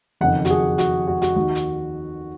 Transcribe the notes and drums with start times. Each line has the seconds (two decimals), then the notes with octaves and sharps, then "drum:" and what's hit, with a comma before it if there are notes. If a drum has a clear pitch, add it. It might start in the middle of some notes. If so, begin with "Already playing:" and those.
0.21 F#1 F2 D#3 F#5
0.45 F#4, drum: hi-hat
0.50 G#4
0.78 F#4, drum: hi-hat
1.08 F#4
1.22 F#4, drum: hi-hat
1.36 D#2 D#3 F#4
1.55 drum: hi-hat